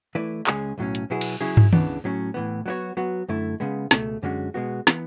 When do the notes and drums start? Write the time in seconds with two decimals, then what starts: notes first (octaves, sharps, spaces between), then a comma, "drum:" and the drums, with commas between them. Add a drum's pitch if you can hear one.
0.15 E3 A3 E4 B4 D5
0.47 C#2 C#3 G#3 C#4 G#4, drum: clap
0.78 B1 A2 F#3 C#4
0.95 drum: hi-hat
1.10 B2 F#3 B3 E4 G#4
1.21 drum: cymbal
1.41 C#3 F#3 C#4 E4 G#4
1.57 drum: tom
1.73 C#2 C#3 E3 B3 D4, drum: tom D#3
2.04 A2 F#3 C#4
2.34 A2 E3 B3
2.66 F#3 B3 D4 F#4 C#5
2.97 F#3 B3 F#4
3.28 F#2 D3 A3 E4
3.60 C#3 G#3 B3
3.91 C#2 B2 A3, drum: snare
4.22 F#2 D3 G#3 C#4 F#4
4.54 B2 G#3 B3 F#4
4.87 E3 B3, drum: snare